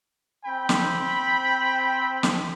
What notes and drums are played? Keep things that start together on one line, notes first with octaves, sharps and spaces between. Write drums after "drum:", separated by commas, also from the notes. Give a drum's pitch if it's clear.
C4 G5 B5
drum: snare
drum: snare